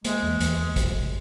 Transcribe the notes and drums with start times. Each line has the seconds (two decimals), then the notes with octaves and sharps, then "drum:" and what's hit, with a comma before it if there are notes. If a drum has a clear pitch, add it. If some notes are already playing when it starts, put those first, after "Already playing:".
0.05 G#3 A#3, drum: hi-hat
0.23 E2
0.40 E2, drum: hi-hat
0.76 drum: kick, hi-hat